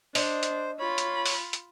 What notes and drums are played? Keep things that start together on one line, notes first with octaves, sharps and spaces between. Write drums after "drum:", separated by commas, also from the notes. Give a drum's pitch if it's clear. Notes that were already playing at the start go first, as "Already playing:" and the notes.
D4 C5 D#5, drum: open hi-hat
drum: hi-hat
F4 C#5 B5
drum: hi-hat
drum: open hi-hat
drum: hi-hat